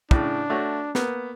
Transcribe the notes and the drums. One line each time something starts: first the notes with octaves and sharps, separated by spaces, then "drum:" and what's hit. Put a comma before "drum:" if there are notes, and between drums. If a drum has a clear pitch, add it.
A2 C#3 D4, drum: kick
A3 F#4 C#5
A#3 B3, drum: snare